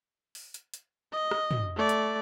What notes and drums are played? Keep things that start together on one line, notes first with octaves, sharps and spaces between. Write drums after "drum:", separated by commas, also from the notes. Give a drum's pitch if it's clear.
drum: open hi-hat
drum: hi-hat
drum: hi-hat
D#5
drum: rim click
drum: tom
A3 D5
drum: hi-hat